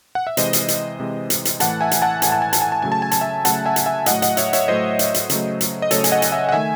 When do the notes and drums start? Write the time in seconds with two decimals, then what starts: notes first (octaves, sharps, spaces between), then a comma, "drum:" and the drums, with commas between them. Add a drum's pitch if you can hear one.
0.15 F#5
0.27 E5
0.37 C3 E3 G#3 C5 D#5, drum: hi-hat
0.53 drum: hi-hat
0.68 drum: hi-hat
1.00 C3 E3 G#3
1.30 drum: hi-hat
1.45 drum: hi-hat
1.60 A2 E3 A3 F#5 A5, drum: hi-hat
1.81 E5 G#5
1.91 drum: hi-hat
2.02 F#5 A5
2.22 A2 E3 A3 G#5, drum: hi-hat
2.32 A5
2.42 G#5
2.53 A5, drum: hi-hat
2.62 G#5
2.72 A5
2.82 C#3 F#3 A3 G#5
2.92 A5
3.02 G#5
3.12 A5, drum: hi-hat
3.21 E5 G#5
3.45 C#3 F#3 A3 F#5 A5, drum: hi-hat
3.66 E5 G#5
3.76 drum: hi-hat
3.86 E5 G#5
4.06 A2 F#3 A3 D#5 F#5, drum: hi-hat
4.22 D#5 F#5, drum: hi-hat
4.37 C#5 E5, drum: hi-hat
4.53 C#5 E5, drum: hi-hat
4.68 A2 F#3 A3 C5 D#5
4.99 drum: hi-hat
5.14 drum: hi-hat
5.30 C#3 F#3 A3, drum: hi-hat
5.61 drum: hi-hat
5.82 D#5
5.91 C#3 F#3 A3 A4 C#5, drum: hi-hat
6.04 G#5, drum: hi-hat
6.12 D#5 F#5
6.22 drum: hi-hat
6.32 E5 G#5
6.49 F#5
6.52 D#3 A3 E5 G#5